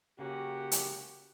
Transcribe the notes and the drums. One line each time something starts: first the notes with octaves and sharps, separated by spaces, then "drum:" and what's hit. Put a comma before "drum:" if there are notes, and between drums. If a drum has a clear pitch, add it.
C#3 A#3 C#4 F#4 G4
drum: hi-hat